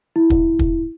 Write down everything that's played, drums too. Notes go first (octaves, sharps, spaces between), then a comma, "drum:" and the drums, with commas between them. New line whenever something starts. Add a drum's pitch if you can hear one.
E4
drum: kick
drum: kick